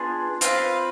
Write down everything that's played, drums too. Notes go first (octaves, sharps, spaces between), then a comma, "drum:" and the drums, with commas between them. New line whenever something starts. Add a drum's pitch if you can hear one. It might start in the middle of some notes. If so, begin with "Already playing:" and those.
Already playing: B3 D4 F4 G#4
C4 F4 B4 F5, drum: hi-hat